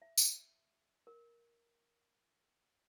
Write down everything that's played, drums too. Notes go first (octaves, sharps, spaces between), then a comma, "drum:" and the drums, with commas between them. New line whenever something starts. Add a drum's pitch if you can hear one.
E5
drum: tambourine
A#4